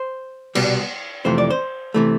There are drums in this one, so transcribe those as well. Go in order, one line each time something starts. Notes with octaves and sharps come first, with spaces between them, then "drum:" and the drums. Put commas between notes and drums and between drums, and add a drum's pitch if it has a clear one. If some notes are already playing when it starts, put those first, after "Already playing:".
Already playing: C5
C2 B2 G3 B3, drum: cymbal
F2 C3 E3 A3 C5
D5
C5
C3 E3 A3